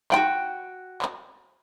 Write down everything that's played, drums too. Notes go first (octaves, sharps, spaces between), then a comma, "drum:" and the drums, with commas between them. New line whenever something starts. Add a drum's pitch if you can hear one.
F#4 G5, drum: clap
drum: clap